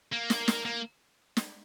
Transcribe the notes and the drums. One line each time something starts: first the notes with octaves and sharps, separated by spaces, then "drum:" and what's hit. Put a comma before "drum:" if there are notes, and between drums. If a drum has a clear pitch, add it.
A#3
drum: snare
drum: snare
A#3
drum: snare